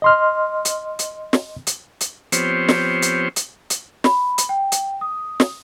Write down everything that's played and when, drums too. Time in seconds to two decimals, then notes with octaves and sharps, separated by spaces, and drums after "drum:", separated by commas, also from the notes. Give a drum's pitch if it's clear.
0.02 D#5 C6 F6
0.65 drum: hi-hat
0.99 drum: hi-hat
1.33 drum: snare
1.67 drum: hi-hat
2.01 drum: hi-hat
2.32 F3 B3 C4 G4 C5 C#5, drum: hi-hat
2.69 drum: snare
3.02 drum: hi-hat
3.36 drum: hi-hat
3.70 drum: hi-hat
4.04 B5, drum: snare
4.38 drum: hi-hat
4.49 G5
4.72 drum: hi-hat
5.01 D#6
5.40 drum: snare